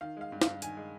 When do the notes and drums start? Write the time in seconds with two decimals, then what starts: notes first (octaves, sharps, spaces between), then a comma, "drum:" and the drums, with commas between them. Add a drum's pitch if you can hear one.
0.01 D#3 F5
0.17 G#3 F5
0.32 G2
0.42 F5, drum: snare
0.47 G2
0.62 D#3 G#5, drum: hi-hat
0.77 G#3